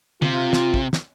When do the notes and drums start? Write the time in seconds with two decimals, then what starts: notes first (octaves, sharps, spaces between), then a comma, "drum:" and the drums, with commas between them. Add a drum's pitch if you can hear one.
0.22 C3 F4, drum: tom
0.53 drum: snare
0.74 drum: kick
0.93 drum: snare